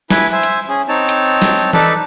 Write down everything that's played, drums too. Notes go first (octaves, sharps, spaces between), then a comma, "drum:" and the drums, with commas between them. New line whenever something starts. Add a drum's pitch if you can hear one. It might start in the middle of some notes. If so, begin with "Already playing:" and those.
E4 B4 G#5, drum: snare
C5 E5 G#5
drum: hi-hat
C#4 G#4
C4 D#4 C#5 A5
drum: hi-hat
drum: snare
D#4 A4 B4 D5 A5, drum: tom E3